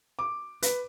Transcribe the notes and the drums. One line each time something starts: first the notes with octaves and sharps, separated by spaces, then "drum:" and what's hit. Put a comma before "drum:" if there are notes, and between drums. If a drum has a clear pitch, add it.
D6
B4, drum: hi-hat